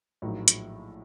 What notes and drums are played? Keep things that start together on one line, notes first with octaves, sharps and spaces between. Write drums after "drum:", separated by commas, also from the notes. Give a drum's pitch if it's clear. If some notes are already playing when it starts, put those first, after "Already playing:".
A#1 A2 F#3 A#3 D#4
drum: hi-hat